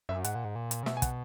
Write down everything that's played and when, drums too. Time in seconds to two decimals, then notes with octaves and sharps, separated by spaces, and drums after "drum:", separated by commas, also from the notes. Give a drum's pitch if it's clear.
0.09 F#2 E5
0.24 G#2 F#5, drum: hi-hat
0.35 A#2
0.45 G#2
0.55 A#2
0.71 drum: hi-hat
0.83 C#3
0.86 B2 E5, drum: snare
0.97 G#5
1.02 F#5, drum: kick, hi-hat